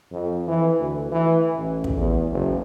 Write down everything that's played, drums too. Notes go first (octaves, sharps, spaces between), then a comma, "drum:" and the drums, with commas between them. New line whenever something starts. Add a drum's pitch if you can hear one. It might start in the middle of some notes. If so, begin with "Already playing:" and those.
F2
E3
D2
E3
A1
drum: kick
E2
F#1